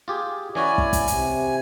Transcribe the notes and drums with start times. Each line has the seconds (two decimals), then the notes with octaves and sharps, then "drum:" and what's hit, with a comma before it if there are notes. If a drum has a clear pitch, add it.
0.08 F4 G4 G#4
0.55 E3 C#4 E4 F#4 D5 G#5
0.78 drum: kick
0.93 drum: kick, hi-hat
1.08 C3, drum: hi-hat